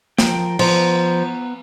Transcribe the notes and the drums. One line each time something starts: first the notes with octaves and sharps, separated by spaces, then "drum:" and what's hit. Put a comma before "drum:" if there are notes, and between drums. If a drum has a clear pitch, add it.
F3 A#4 G5, drum: snare
F3 B3 B4 A#5, drum: cymbal